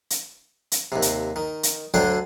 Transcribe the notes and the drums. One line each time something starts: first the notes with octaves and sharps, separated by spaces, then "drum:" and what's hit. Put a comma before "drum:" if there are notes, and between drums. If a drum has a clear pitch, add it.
drum: hi-hat
drum: hi-hat
D#2 C3
drum: hi-hat
D#3
drum: hi-hat
D2 D3 F#3 D4 C5 G5